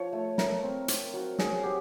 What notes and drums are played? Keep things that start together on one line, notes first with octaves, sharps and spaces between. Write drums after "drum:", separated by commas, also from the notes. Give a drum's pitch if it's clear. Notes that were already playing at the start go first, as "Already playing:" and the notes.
Already playing: F3 C#5
A3
A3 A#4, drum: snare
C4
C4, drum: hi-hat
F#3
F#3 G#4, drum: snare
F#3 G4